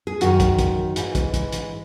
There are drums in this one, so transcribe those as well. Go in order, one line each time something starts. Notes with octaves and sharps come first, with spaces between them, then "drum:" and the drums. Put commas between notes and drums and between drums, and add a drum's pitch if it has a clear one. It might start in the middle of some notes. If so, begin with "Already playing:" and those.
G#4
F#2 D#3 F#4, drum: hi-hat
drum: kick, hi-hat
drum: kick, hi-hat
G#2 E3, drum: hi-hat
drum: kick, hi-hat
drum: kick, hi-hat
drum: hi-hat